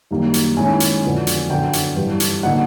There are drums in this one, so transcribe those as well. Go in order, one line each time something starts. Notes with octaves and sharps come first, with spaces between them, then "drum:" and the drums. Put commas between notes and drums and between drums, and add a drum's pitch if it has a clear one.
F#2 D#3 G3 A#3
drum: hi-hat
D#3 G#3 C#4 E4 G#5
drum: hi-hat
F2 D3 F#3 B3 D4
drum: hi-hat
F#2 D3 F#3 B3 G5
drum: hi-hat
G2 E3 G3
drum: hi-hat
D3 F#3 A#3 D#4 F#5